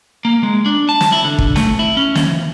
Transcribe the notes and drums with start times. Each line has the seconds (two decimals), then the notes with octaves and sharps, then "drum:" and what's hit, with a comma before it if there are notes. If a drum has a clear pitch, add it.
0.25 A#3
0.43 G#3
0.66 D4
0.89 A5
1.01 drum: snare
1.12 E4
1.25 D3
1.38 drum: kick
1.56 A3, drum: snare
1.79 E4
1.97 C#4
2.15 D#2, drum: snare
2.28 E3